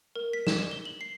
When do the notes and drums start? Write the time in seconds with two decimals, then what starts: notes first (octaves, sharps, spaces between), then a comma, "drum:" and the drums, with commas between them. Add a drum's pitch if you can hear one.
0.16 A#4
0.33 B6
0.47 E7, drum: snare
0.59 E7
0.71 G7
0.85 F#7
1.01 C7